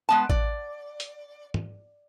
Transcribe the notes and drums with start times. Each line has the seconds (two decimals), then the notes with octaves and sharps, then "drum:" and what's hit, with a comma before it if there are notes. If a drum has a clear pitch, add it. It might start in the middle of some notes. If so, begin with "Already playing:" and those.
0.09 G#3 B3 A5
0.30 D5, drum: kick A1
1.00 drum: hi-hat
1.54 drum: tom